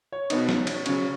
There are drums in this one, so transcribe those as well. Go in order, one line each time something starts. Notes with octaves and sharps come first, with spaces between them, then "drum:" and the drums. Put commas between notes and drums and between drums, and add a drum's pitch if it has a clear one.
C#5
B2 B3 D#4, drum: cymbal
drum: snare
drum: cymbal
C#3 F#3 C#4, drum: cymbal